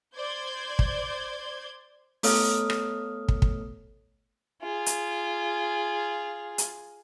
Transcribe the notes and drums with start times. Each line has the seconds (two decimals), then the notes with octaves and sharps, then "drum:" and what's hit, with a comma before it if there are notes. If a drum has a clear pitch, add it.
0.15 C5 D5 G6 G#6
0.79 drum: kick
2.23 A3 B3 A4 C#5 D#6 F6, drum: open hi-hat
2.70 drum: rim click
3.29 drum: kick
3.42 drum: kick
4.62 F4 G#4
4.86 drum: hi-hat
6.58 drum: hi-hat